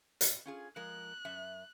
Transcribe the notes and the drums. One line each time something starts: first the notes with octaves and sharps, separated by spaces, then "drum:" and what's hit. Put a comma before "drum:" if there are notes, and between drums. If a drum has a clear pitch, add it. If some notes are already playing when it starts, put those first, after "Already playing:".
drum: hi-hat
C#4 F4 G#4
F3 G#3 A#4 F#6
F#2 E5